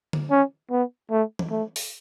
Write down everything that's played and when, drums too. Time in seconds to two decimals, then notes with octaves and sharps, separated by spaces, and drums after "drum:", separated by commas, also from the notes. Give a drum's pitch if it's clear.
0.13 drum: tom D3
0.31 C#4
0.71 B3
1.11 A3
1.39 drum: tom E3
1.51 A3
1.76 drum: open hi-hat